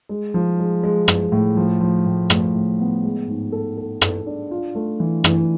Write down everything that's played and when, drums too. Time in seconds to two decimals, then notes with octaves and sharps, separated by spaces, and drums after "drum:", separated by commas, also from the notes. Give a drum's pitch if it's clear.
0.09 G#3
0.34 F3
0.59 G#3
0.84 G#3
1.08 G#3, drum: rim click
1.32 A2
1.57 F3
1.81 F3
2.06 A2
2.30 A2, drum: rim click
2.55 A2
2.80 B3
3.03 G#3
3.28 G#2
3.52 A4
3.77 A4
4.01 A4, drum: rim click
4.26 D4
4.51 F4
4.75 A3
5.00 E3
5.24 E3, drum: rim click